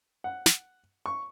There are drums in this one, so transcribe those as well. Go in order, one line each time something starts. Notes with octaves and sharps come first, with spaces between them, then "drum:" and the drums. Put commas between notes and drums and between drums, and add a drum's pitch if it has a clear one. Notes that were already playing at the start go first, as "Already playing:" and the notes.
F#5
drum: snare
C#6